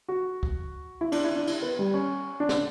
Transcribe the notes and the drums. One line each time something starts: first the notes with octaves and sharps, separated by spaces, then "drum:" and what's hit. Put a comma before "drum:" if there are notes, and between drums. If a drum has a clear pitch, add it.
F#4
drum: kick
E4
D4, drum: cymbal
E4
D4
E4, drum: cymbal
B3
G3
C#4
D4
drum: snare